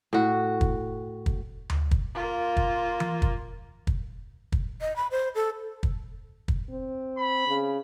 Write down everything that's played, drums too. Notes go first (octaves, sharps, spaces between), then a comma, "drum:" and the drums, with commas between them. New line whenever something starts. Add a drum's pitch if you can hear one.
A2 F#4
drum: kick
drum: kick
drum: tom D2
drum: kick
A#3 F4
drum: kick
drum: tom E3
drum: kick
drum: kick
drum: kick
D#5
B5
C5
A4
drum: kick
drum: kick
C4
B5
C#3